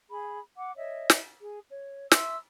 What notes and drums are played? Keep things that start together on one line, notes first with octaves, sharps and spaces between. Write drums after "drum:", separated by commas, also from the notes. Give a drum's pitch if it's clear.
G#4 B5
F#5 D6
C#5 D#5 E5
drum: snare
G#4
C#5
E5 C6 E6, drum: snare